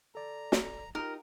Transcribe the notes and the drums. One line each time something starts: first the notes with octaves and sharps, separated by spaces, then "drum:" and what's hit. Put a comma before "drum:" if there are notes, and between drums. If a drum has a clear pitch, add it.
A4 D5 A#5
drum: snare
D#4 F4 G4 A#4